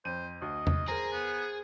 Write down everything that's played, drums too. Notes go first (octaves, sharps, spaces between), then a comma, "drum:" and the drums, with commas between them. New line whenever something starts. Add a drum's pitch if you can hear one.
F2 C5 D#7
D2 D#5
drum: tom E2
G#4 A#4 C5 A#5
B3